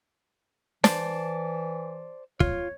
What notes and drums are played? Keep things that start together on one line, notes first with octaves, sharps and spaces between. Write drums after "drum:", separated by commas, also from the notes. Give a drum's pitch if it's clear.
E3 C5 D5 A5, drum: snare
F4 C#5, drum: kick